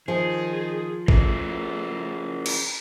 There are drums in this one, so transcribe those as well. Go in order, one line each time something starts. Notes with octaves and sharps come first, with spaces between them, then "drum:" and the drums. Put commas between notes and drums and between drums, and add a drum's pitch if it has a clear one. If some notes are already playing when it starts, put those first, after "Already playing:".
D#3 F3 G#4
A3 C#4 G#4 A#4, drum: kick
drum: cymbal